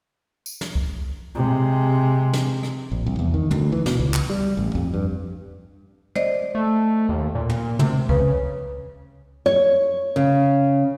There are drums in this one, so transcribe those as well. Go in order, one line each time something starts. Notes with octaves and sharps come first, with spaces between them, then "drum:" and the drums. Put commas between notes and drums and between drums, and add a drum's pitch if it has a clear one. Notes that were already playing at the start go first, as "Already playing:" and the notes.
drum: tambourine
drum: snare
drum: kick C2
C3 G#3
drum: snare
drum: rim click
A#1
C2
E2
D#3
D2, drum: tom
E3
B2, drum: snare
C#2
drum: clap
G3
A1
F2
G2
C5 D5 D#5, drum: tom
A3
D#2
A#2
drum: tom
C3, drum: tom
C#3 B4, drum: kick C2
C#5
C#3